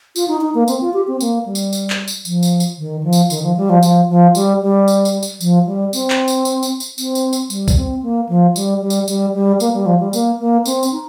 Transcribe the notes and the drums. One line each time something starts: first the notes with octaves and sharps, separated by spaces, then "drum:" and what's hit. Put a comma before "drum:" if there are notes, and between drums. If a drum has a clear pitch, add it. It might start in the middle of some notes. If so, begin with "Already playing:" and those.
F4, drum: tambourine
D#4
D#4
A#3
C4, drum: tambourine
F4
G4
C4
A#3, drum: tambourine
G3
drum: tambourine
drum: tambourine
drum: clap
drum: tambourine
F3, drum: tambourine
drum: tambourine
drum: tambourine
D#3
F3
drum: tambourine
D#3, drum: tambourine
F3
G3
F3
F3, drum: tambourine
F3
G3, drum: tambourine
G3
drum: tambourine
drum: tambourine
drum: tambourine
F3, drum: tambourine
G3
C4, drum: tambourine
drum: clap
drum: tambourine
drum: tambourine
drum: tambourine
drum: tambourine
C4, drum: tambourine
drum: tambourine
drum: tambourine
G3, drum: tambourine
drum: kick, tambourine
C4
A#3
F3
G3, drum: tambourine
G3
drum: tambourine
G3, drum: tambourine
G3
A#3, drum: tambourine
G3
F3
G3
A#3, drum: tambourine
A#3
C4, drum: tambourine
drum: tambourine
D#4